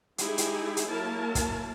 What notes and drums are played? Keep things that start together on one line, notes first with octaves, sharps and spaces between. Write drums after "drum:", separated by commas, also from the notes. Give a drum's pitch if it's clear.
G#3 D#4 E4 G4 G#4, drum: hi-hat
drum: hi-hat
drum: hi-hat
F#3 A#3 E4 A#4 A5
drum: kick, hi-hat